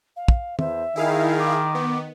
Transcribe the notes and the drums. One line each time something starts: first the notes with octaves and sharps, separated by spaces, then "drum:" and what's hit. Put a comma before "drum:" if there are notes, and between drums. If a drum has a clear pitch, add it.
F5
drum: kick
E2 C5 E5, drum: tom
D#3 E4 G#4 F5
D6
B3